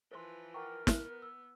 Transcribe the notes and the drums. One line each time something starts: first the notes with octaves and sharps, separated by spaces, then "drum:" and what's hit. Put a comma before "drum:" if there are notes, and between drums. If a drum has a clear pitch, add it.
E3 F3 A#4 C5 C6
A#4 F#5 G5 A#5 C#6 D6
B3 F#6, drum: snare
E6